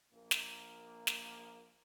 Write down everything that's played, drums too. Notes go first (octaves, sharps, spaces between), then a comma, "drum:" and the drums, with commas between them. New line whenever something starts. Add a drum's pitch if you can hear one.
A#1 A#3
drum: snare
drum: snare